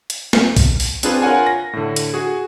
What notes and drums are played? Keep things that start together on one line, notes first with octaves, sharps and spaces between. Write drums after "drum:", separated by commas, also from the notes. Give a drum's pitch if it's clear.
drum: hi-hat
drum: snare
drum: kick, open hi-hat
drum: open hi-hat
C4 D4 F4 G#4 B4, drum: hi-hat
F4 A#4 C#5 F#5 G#5
A#6
A2 D3
drum: hi-hat
F#4 G#4